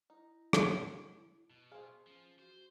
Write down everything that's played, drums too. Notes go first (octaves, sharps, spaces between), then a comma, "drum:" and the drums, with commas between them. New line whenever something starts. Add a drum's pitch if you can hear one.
D#4 E4
drum: rim click
B2
G#4 C5 F5
F3 C#4
F#4 C5